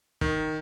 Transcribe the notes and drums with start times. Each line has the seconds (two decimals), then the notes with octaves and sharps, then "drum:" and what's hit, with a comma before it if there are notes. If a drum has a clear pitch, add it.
0.21 D#3, drum: kick